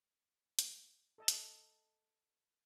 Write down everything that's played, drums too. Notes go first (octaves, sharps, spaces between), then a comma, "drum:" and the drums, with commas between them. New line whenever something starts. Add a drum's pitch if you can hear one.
drum: hi-hat
A4 D#5 A5
drum: hi-hat